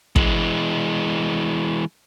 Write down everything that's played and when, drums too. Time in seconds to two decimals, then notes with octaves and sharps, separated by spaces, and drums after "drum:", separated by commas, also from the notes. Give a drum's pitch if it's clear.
0.16 E3 G#3, drum: kick